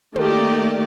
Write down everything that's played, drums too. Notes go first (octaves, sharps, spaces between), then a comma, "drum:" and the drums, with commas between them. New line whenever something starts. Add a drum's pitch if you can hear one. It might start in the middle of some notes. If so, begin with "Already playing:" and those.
D#3 A3 A#3 G4 D5, drum: tom